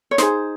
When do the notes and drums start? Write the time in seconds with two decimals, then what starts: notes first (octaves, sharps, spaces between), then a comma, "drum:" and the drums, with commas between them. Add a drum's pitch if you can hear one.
0.11 C#5
0.18 D#4 G#4 C5, drum: snare